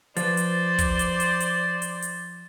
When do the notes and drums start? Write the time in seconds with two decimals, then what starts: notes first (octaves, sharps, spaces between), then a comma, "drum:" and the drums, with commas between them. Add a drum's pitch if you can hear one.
0.17 F3 B4 C5 D5 A6, drum: hi-hat
0.37 drum: hi-hat
0.78 drum: kick, hi-hat
0.99 drum: hi-hat
1.20 drum: hi-hat
1.40 drum: hi-hat
1.82 drum: hi-hat
2.02 drum: hi-hat